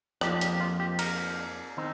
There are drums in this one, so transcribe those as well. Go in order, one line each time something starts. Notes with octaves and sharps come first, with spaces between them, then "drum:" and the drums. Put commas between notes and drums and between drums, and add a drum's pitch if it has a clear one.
F2 F3 A#3 D#4 G4, drum: rim click
G4, drum: hi-hat
F4
G4
A#4, drum: cymbal
D#3 C4 D#4